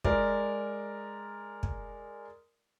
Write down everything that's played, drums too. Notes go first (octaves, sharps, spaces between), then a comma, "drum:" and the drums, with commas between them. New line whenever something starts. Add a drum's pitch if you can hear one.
G#3 A#4 D5, drum: kick
drum: kick